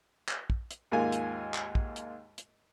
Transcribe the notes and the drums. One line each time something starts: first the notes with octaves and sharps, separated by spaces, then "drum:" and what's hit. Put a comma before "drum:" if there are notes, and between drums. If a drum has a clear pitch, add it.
drum: clap
drum: kick
drum: hi-hat
D#2 G#2 A#3 F4 G#5
drum: hi-hat
drum: clap
drum: kick
drum: hi-hat
drum: hi-hat